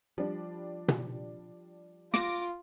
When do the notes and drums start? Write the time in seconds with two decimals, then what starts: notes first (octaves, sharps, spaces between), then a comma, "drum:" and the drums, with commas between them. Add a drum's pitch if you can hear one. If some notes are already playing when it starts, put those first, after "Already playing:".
0.18 F3 G3 D4
0.88 drum: tom B2
2.14 F4 D6 A#6 D7, drum: snare